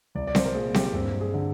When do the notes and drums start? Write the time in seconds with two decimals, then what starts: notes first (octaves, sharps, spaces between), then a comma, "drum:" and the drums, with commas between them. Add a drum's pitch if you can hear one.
0.15 C2 D5
0.27 D5
0.35 C5, drum: snare C4
0.45 A#4
0.55 A#2 G#4
0.74 G4, drum: snare C4
0.93 G2 C4
1.21 G#4
1.34 D3